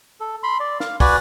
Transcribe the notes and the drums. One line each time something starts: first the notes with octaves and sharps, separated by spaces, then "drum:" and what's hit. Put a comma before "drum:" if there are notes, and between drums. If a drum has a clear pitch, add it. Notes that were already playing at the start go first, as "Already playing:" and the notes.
A4
B5 C6
D5
F5, drum: snare
F#4 B4 D5 G#5, drum: kick, open hi-hat